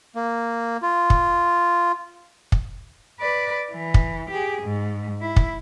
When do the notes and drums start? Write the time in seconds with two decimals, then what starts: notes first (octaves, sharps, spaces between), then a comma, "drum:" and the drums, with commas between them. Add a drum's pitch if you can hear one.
0.15 A#3
0.82 F4
1.10 drum: kick
2.52 drum: kick
3.20 B4 D5
3.72 E3
3.94 drum: kick
4.30 G4 G#4
4.62 G#2
5.21 E4
5.36 drum: kick